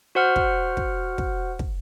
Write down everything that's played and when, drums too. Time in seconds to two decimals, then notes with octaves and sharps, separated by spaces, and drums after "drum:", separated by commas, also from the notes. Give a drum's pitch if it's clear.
0.15 F#4 C5 F#5 F6
0.36 drum: kick
0.77 drum: kick
1.18 drum: kick
1.59 drum: kick